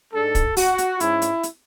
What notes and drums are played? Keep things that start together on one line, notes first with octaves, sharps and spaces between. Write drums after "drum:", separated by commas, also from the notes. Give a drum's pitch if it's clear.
G#2 G#3 D4 A4
drum: kick, hi-hat
F#4, drum: open hi-hat
drum: hi-hat
G#2 G#3 C#4 E4, drum: hi-hat
drum: hi-hat
drum: hi-hat